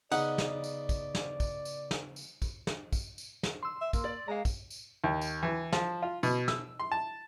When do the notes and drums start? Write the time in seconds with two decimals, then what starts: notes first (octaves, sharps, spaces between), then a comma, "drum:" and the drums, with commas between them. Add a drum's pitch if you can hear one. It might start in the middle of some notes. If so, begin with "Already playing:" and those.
0.12 C#3 B3 D#4 D5 F#5, drum: tambourine
0.38 drum: snare
0.64 drum: tambourine
0.89 drum: kick A#1, tambourine
1.15 drum: snare
1.40 drum: kick A#1, tambourine
1.65 drum: tambourine
1.91 drum: snare
2.16 drum: tambourine
2.42 drum: kick A#1, tambourine
2.67 drum: snare
2.93 drum: kick A#1, tambourine
3.18 drum: tambourine
3.43 drum: snare
3.63 C6 E6
3.81 E5
3.93 A#3, drum: kick A#1, tambourine
4.05 D5
4.28 G#3 F5 A#5
4.45 drum: kick A#1, tambourine
4.70 drum: tambourine
5.04 D#2
5.21 drum: tambourine
5.43 E3
5.72 F3, drum: snare
6.02 F4
6.23 B2, drum: tambourine
6.48 E6, drum: snare
6.80 C6
6.92 A5